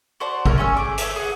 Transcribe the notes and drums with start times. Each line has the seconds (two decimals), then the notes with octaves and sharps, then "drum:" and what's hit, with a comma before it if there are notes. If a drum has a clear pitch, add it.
0.20 F#4 C5 D5 A5
0.46 A4 A#4 C#5 E5, drum: kick G#1
0.58 C#4 G#5 C#6 E6
0.77 A3 G#4 D6
0.98 A4 C#5 D#5 E5, drum: hi-hat
1.16 G#4 F#5